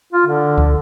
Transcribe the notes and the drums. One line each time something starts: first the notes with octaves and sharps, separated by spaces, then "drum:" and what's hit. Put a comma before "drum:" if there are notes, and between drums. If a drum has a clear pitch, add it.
F4
D3
drum: kick D2